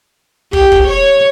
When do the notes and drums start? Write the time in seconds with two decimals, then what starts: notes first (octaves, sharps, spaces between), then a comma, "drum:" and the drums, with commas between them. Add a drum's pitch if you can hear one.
0.53 G4, drum: kick
0.72 drum: kick
0.88 C#5